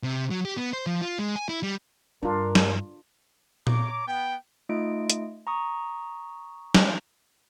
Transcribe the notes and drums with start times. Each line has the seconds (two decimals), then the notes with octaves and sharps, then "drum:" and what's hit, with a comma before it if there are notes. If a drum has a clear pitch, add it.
0.03 C3
0.31 F#3
0.45 G4
0.57 B3
0.73 C5
0.86 F3
1.01 F4
1.19 G#3
1.36 G#5
1.49 E4
1.63 G3
2.23 G2 D4 F4 A#4
2.55 drum: snare
3.67 C#5 A#5 D6, drum: tom A#2
4.06 B3 G5
4.69 A3 D#4 F4 D#5 D7
5.10 drum: hi-hat
5.47 A#5 C#6 D#6
6.74 drum: snare